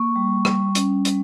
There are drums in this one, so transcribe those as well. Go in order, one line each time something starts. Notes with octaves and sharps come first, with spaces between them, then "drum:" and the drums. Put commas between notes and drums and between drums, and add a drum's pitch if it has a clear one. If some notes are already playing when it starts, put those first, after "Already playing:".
Already playing: A#3 C#6
G3
G3, drum: rim click
C#4, drum: hi-hat
G3, drum: hi-hat